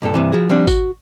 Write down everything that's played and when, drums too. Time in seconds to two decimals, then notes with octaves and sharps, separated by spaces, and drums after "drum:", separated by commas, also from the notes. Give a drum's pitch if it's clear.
0.02 C2 G2 A#2 A4
0.14 G2 C3 E3
0.32 F3 F#4 G#4
0.49 F3 G3 C4 D4
0.67 F#4, drum: kick G#1, tambourine